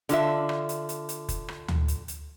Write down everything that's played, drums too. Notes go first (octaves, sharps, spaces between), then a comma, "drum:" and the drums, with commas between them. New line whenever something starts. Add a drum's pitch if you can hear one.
D3 F4 E5, drum: hi-hat
drum: rim click
drum: hi-hat
drum: hi-hat
drum: hi-hat
drum: kick F1, hi-hat
drum: rim click
drum: tom D2
drum: hi-hat
drum: hi-hat